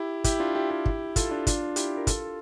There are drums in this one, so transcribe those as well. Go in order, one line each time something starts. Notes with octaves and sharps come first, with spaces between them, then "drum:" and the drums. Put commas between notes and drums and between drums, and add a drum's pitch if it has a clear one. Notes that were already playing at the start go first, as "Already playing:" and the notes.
Already playing: E4 G4
E4 G4, drum: kick, hi-hat
D4 F4
E4 G4
E4 G4
drum: kick
F4 A4, drum: kick, hi-hat
D4 F4
D4 F4, drum: kick, hi-hat
E4 G4, drum: hi-hat
A#4
F4 A4, drum: kick, hi-hat